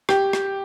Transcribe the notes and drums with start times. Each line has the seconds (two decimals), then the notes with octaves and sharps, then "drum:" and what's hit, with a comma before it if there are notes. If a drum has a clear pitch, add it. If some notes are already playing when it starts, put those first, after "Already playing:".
0.09 G4, drum: rim click
0.33 drum: rim click